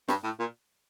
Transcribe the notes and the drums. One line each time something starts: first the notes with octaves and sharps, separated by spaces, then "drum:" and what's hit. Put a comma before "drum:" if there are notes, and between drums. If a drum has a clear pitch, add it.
G2, drum: snare
A2
A#2